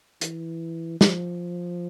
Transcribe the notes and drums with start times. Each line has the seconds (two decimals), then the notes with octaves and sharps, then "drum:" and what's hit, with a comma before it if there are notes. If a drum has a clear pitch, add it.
0.21 E3, drum: hi-hat
1.01 F3, drum: snare